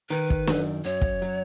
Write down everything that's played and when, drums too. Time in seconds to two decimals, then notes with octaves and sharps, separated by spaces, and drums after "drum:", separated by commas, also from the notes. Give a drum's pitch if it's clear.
0.10 D#3 B4
0.30 drum: kick
0.47 F#2, drum: snare
0.85 F#2 C#5
1.01 drum: kick
1.22 F#3